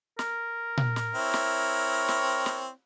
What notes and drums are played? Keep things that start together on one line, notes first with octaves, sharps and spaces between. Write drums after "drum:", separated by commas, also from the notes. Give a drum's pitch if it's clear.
A#4, drum: snare
drum: tom A#2
drum: snare
C4 E4 C#5
drum: snare
drum: snare
drum: snare